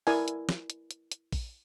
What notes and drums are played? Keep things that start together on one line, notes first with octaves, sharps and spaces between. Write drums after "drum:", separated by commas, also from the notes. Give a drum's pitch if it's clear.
E4 A#4 D5 G#5, drum: open hi-hat
drum: hi-hat
drum: snare
drum: hi-hat
drum: hi-hat
drum: hi-hat
drum: kick A#1, open hi-hat